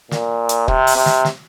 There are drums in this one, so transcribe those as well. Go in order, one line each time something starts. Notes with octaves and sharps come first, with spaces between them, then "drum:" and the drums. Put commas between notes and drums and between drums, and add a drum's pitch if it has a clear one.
A#2, drum: snare
drum: hi-hat
C3, drum: kick
drum: open hi-hat
C3
drum: snare
drum: snare